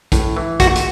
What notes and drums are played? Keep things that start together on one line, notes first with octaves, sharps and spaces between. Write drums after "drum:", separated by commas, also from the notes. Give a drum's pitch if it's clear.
A2, drum: kick, hi-hat
E3
A#2 F#4, drum: kick, hi-hat
drum: hi-hat